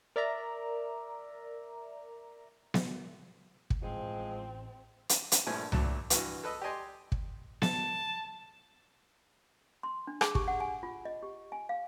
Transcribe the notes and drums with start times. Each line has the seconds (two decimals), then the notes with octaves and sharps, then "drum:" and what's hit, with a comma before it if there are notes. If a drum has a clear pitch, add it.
0.16 A#4 D5 E5 A#5
2.74 drum: snare B3
3.70 drum: kick
3.82 A1 F3 G#3 C4
5.09 drum: hi-hat
5.32 drum: hi-hat
5.47 A#1 G2 F3 A3 G#5
5.72 D2 A#2 F#3 A3 A5, drum: tom C2
6.10 G2 E3 F#4, drum: hi-hat
6.44 A4 B4 D#5 E6
6.62 G4 D5 D#5 G#5 C6
7.12 drum: kick
7.62 A5, drum: snare B3
9.83 C6
10.07 D4
10.21 G#4, drum: rim click
10.35 G4, drum: kick
10.48 F#5
10.60 G#5
10.83 F4
11.05 D#5
11.23 G4
11.52 G#5
11.69 F5